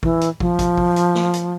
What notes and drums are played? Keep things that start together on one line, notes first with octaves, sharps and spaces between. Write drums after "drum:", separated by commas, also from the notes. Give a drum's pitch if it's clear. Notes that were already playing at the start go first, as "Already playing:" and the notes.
E3, drum: kick
drum: hi-hat
F3, drum: kick
drum: kick, hi-hat
drum: kick
drum: hi-hat
drum: snare
drum: hi-hat